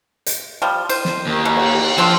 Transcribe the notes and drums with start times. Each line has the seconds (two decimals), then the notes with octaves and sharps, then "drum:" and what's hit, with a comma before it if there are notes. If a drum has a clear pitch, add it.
0.26 drum: hi-hat
0.62 F3 G3
0.89 C5, drum: cymbal
1.05 drum: snare
1.27 D#2
1.45 B2
1.56 drum: cymbal
1.98 F3 C4 D4 C6